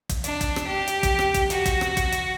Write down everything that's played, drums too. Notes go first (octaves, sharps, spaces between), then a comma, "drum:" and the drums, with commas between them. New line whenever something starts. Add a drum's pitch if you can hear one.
drum: kick, hi-hat
D4, drum: hi-hat
drum: kick, hi-hat
drum: rim click
G4
drum: hi-hat
drum: kick, hi-hat
drum: rim click
drum: kick, hi-hat
F#4, drum: hi-hat
drum: kick, hi-hat
drum: rim click
drum: kick, hi-hat
drum: hi-hat